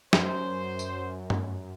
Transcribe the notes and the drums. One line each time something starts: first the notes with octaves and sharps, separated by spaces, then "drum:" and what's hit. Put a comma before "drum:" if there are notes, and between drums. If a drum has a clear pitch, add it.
F#2 C5, drum: snare
drum: tambourine
drum: tom G2